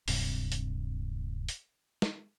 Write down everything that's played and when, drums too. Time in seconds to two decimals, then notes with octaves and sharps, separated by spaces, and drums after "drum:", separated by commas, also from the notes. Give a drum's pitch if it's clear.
0.08 D1 G2 C3, drum: open hi-hat
0.52 drum: hi-hat
1.49 drum: hi-hat
2.02 drum: snare